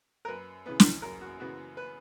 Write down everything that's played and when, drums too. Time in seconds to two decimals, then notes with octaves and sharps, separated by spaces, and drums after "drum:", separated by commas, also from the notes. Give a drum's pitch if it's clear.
0.25 A#4
0.28 F#2 B4
0.66 C#3 E3 B3 B4
0.80 drum: snare
1.02 F#2 A#4
1.21 F#4
1.40 C#3 E3 B3 F#4
1.77 B4